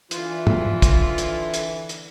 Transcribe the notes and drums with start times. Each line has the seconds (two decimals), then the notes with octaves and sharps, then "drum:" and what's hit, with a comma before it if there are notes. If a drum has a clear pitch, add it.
0.11 D3 E3 F4, drum: hi-hat
0.47 drum: tom
0.82 drum: kick, hi-hat
1.18 drum: hi-hat
1.54 drum: hi-hat
1.89 drum: hi-hat